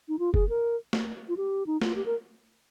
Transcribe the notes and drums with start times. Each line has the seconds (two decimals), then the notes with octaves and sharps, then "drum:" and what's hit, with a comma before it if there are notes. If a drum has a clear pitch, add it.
0.08 D#4
0.19 F4
0.34 G#4, drum: kick F1
0.49 A#4
0.93 drum: snare
1.29 F4
1.37 G4
1.67 D#4
1.81 F4, drum: snare
1.96 G4
2.06 A#4